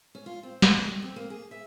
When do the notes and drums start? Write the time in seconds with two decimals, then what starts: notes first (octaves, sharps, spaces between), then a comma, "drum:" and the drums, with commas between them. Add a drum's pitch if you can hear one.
0.15 C#4
0.26 F4
0.43 C4
0.62 F2, drum: snare
0.77 D3
0.88 G4
1.02 C4
1.16 A#3
1.30 G#4
1.51 E5